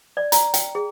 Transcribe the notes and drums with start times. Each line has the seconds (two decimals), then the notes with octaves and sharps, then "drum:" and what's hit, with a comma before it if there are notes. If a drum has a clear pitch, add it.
0.17 D5
0.32 A#5, drum: hi-hat
0.54 G5, drum: hi-hat
0.75 G#4